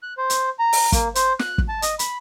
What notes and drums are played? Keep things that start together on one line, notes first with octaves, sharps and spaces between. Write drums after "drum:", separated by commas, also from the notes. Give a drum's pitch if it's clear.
F#6
C5
drum: hi-hat
A#5
drum: open hi-hat
A#3, drum: kick, hi-hat
C5, drum: hi-hat
F#6, drum: snare
drum: kick
A5
D#5, drum: hi-hat
B5, drum: hi-hat